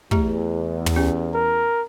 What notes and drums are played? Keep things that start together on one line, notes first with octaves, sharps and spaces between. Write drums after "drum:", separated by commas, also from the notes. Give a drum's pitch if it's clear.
E2 A3 G4 A#5, drum: kick
drum: tom
C#4 G4
A#4